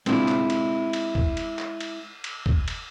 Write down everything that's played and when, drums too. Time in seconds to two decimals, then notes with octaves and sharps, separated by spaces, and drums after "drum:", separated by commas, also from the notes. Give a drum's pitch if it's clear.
0.06 G#3 C4 D4 E4 F4 G#4, drum: cymbal
0.28 drum: clap
0.50 drum: cymbal
0.93 drum: cymbal
1.15 drum: kick
1.37 drum: cymbal
1.59 drum: clap
1.80 drum: cymbal
2.24 drum: cymbal
2.46 drum: kick
2.68 drum: cymbal